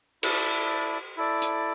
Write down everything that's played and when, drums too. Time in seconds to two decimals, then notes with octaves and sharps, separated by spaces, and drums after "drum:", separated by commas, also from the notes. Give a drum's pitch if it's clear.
0.23 E4 A4 D5, drum: cymbal
1.17 E4 A4 D5
1.42 drum: hi-hat